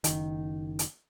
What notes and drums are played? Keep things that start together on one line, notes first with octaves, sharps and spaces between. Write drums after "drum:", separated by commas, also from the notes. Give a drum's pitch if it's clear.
F#1 D#3, drum: hi-hat
drum: hi-hat